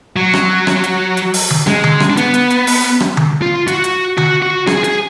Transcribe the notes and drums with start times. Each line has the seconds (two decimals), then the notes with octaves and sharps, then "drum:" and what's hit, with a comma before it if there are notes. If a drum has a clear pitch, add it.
0.16 F#3
0.34 drum: rim click
0.67 drum: rim click
0.84 drum: hi-hat
1.17 drum: hi-hat
1.34 drum: open hi-hat
1.50 drum: tom D3
1.67 G#3, drum: rim click
1.84 drum: tom D3
2.00 drum: rim click
2.10 D4
2.17 B3, drum: hi-hat
2.34 drum: hi-hat
2.50 drum: hi-hat
2.67 drum: open hi-hat
3.00 drum: rim click
3.17 drum: tom D3
3.42 F4
3.67 F#4, drum: hi-hat
3.84 drum: hi-hat
4.18 F#4, drum: tom D3
4.42 F#4
4.67 G#4, drum: rim click
4.84 G#4, drum: hi-hat